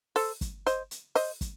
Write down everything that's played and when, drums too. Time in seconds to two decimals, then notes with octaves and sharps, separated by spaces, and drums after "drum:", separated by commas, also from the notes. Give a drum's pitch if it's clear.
0.16 A4 C5, drum: open hi-hat
0.41 drum: kick, hi-hat
0.66 C5 D#5, drum: hi-hat
0.91 drum: hi-hat
1.15 C5 D#5, drum: open hi-hat
1.41 drum: kick, hi-hat